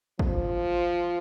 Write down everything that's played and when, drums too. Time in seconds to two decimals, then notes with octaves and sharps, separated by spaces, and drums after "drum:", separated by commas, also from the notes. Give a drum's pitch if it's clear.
0.19 F3, drum: kick